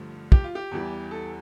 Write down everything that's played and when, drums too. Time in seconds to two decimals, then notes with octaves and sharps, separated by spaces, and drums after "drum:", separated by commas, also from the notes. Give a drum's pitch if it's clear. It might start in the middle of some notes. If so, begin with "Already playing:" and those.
Already playing: G2 D3 F3 A3
0.32 G4, drum: kick
0.44 F4
0.55 G4
0.71 E2 E3 G3
1.11 A4